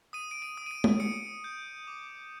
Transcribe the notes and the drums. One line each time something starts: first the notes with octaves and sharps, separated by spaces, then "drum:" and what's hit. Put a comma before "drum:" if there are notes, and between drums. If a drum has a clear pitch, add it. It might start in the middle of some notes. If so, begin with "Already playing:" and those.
D#6 D#7
D7
D#7
D#6
D#7
D7
drum: tom G#3
D#6 C#7
G6
D6